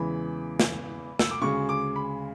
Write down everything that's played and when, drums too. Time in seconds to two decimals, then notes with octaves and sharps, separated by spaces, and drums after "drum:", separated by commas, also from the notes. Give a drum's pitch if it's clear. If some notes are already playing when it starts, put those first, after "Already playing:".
Already playing: E2 C#3 E3 G#3 B5
0.60 drum: snare
1.19 E6, drum: snare
1.31 D6
1.41 D2 C#3 G#3 C#6
1.69 D6
1.96 B5